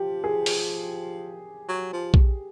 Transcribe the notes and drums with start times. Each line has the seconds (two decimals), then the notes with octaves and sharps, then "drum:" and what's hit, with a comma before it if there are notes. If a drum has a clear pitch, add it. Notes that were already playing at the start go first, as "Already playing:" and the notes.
Already playing: F3 G4
0.24 G#4
0.46 drum: open hi-hat
1.69 F#3
1.93 F3
2.14 drum: kick